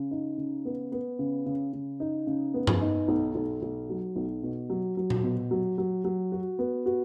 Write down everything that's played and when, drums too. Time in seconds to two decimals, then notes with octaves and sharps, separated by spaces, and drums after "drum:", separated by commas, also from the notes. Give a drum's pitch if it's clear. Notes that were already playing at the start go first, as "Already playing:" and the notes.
Already playing: C#3
0.11 D#4
0.38 C#3
0.65 B3
0.92 B3
1.19 C#3
1.46 C#3
1.73 C#3
2.00 D#4
2.27 C#3
2.54 B3
2.67 drum: tom G2
2.81 D#4
3.08 B1
3.35 B1
3.62 B1
3.89 F#3
4.16 B1
4.43 B2
4.70 F#3
4.97 F#3
5.10 drum: tom A#2
5.24 B2
5.51 F#3
5.78 F#3
6.04 F#3
6.32 F#4
6.59 B3
6.86 F#4